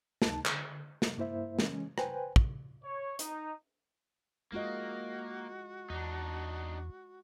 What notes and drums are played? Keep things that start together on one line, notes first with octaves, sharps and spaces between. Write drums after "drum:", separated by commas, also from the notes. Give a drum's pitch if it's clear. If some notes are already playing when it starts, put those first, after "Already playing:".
D2 D#4 A5, drum: snare
D3, drum: clap
drum: snare
G2 A#3 E4 C5 E5
E3 G#3 C#4, drum: snare
B4 C5 G5 G#5, drum: rim click
drum: kick
C#5
D#4, drum: hi-hat
G#3 A#3 F4 F#4 D#5
E2 D4 D#4